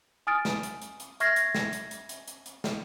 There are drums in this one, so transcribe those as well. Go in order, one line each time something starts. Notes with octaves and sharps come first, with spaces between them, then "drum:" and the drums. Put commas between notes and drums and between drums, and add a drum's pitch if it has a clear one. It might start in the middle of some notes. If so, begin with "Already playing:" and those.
G#5 D#6 F6 A6 D7
drum: snare
drum: hi-hat
drum: hi-hat
drum: hi-hat
E5 C#6 F6 G#6 A#6 C7, drum: hi-hat
drum: hi-hat
drum: snare
drum: hi-hat
drum: hi-hat
drum: hi-hat
drum: hi-hat
drum: hi-hat
drum: snare